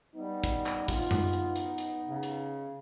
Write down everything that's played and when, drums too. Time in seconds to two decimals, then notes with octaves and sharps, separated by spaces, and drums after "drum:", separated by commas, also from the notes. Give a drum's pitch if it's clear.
0.16 G3 B3 D#4
0.44 drum: kick, hi-hat
0.66 drum: clap
0.88 F4, drum: kick, open hi-hat
1.11 drum: tom F#2
1.33 drum: hi-hat
1.56 drum: hi-hat
1.78 drum: hi-hat
2.08 C#3
2.23 drum: hi-hat